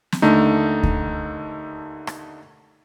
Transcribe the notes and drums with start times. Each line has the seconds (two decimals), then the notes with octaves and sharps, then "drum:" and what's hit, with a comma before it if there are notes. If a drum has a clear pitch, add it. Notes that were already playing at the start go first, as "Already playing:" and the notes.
0.12 drum: snare
0.22 D#2 D3 A3 D#4
0.83 drum: kick D2
2.07 drum: rim click